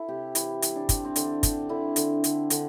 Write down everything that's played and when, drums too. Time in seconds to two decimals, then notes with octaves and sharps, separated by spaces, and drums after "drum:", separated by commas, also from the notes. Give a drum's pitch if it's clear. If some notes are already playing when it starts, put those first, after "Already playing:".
Already playing: E4 A4
0.08 C3 G4
0.35 E3 E4, drum: hi-hat
0.62 E3, drum: hi-hat
0.76 D4
0.89 C4, drum: kick, hi-hat
1.05 C4
1.16 D3 D4, drum: hi-hat
1.43 C4 D4, drum: kick, hi-hat
1.69 D3 E4
1.96 D3, drum: hi-hat
2.24 D3, drum: hi-hat
2.50 D3, drum: hi-hat